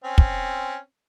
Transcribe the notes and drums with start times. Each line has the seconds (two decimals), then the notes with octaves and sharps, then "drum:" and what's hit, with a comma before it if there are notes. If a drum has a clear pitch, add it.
0.04 C4 C#4
0.18 drum: kick